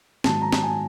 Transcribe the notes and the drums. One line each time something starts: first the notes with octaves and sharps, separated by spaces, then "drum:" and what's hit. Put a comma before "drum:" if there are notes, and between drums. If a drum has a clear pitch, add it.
G#2 D#3 F#3 A5, drum: snare
A#5
A5, drum: snare
G#5